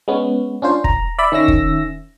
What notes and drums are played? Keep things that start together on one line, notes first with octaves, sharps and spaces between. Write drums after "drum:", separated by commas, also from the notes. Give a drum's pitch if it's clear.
G#3 B3 C#4
C#4 D4 F4 C5
A#5, drum: kick
D5 E5 B5
D#3 C#4 E5 E6 A#6
drum: kick